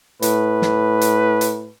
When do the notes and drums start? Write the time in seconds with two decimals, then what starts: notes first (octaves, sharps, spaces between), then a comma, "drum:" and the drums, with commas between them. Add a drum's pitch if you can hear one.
0.22 A2 B4, drum: hi-hat
0.62 drum: snare
1.01 drum: hi-hat
1.41 drum: hi-hat